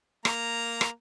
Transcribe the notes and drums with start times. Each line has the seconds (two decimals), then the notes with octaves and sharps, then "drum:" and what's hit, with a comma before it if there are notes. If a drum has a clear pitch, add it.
0.25 A#3 A#5, drum: rim click
0.81 drum: rim click